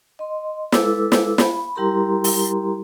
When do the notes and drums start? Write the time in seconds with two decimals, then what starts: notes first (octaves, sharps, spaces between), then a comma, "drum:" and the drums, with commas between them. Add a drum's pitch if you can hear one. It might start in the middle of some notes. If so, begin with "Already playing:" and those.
0.19 D#5 C6
0.72 G#3 E4 A4 B4 D6 E6, drum: snare
1.12 drum: snare
1.38 B5, drum: snare
1.76 G3 E4 G4 A#4 A#5 C6
2.24 drum: open hi-hat